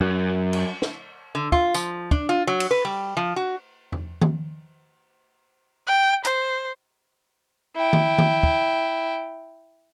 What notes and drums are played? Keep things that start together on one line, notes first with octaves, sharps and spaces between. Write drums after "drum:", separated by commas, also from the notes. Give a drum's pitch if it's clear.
F#2
drum: cymbal
drum: snare
D3
F4, drum: kick
F3, drum: tambourine
D4, drum: kick
F4
F#3
drum: cymbal
B4
G3
F3
F#4
drum: tom E2
drum: tom D#3
G5
C5, drum: hi-hat
E4 G5
drum: tom D#3
drum: tom D#3
drum: kick